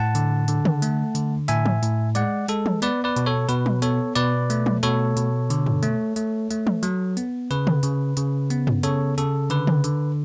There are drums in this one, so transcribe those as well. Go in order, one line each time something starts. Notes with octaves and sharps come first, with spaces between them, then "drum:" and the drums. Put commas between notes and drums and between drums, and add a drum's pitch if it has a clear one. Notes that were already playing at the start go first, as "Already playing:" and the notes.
Already playing: A2 F#5 A5
D3, drum: hi-hat
D3, drum: hi-hat
drum: tom
A3, drum: hi-hat
D3, drum: hi-hat
A2 E5 G#5, drum: hi-hat
drum: tom
A2, drum: hi-hat
G#3 D5 F#5, drum: hi-hat
G#3 A4, drum: hi-hat
drum: tom
B3 B4 D5, drum: hi-hat
B4 D5
B2, drum: hi-hat
A4 C#5
B2 B4, drum: hi-hat
drum: tom
B3 A4 C#5, drum: hi-hat
B2 B4 D5, drum: hi-hat
A3, drum: hi-hat
drum: tom
B2 A4 C#5, drum: hi-hat
B2, drum: hi-hat
D3, drum: hi-hat
drum: tom
A3, drum: hi-hat
A3, drum: hi-hat
A3, drum: hi-hat
drum: tom
F#3, drum: hi-hat
B3, drum: hi-hat
C#3 B4, drum: hi-hat
drum: tom
C#3, drum: hi-hat
C#3, drum: hi-hat
B3, drum: hi-hat
drum: tom
C#3 A4 C#5, drum: hi-hat
C#3 A4, drum: hi-hat
D3 B4, drum: hi-hat
drum: tom
D3, drum: hi-hat